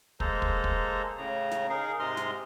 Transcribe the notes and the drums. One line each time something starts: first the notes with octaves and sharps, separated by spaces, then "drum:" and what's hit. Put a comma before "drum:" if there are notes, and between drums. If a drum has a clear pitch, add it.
G#3 A#3 A4 C5 A#5, drum: kick
drum: kick
drum: kick
A2 C#3 A#5
drum: snare
D#4 G#4 A#4 F5
G#2 C3 G#3 D#5 C6 F6
drum: snare